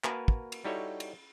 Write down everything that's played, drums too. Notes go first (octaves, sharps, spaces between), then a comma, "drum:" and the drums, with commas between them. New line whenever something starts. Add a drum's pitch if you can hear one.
A#3 F#4 A#4 B4 G#5 A5, drum: clap
drum: kick
drum: cymbal
G3 D#4 E4 F#4 A4 C#5
drum: cymbal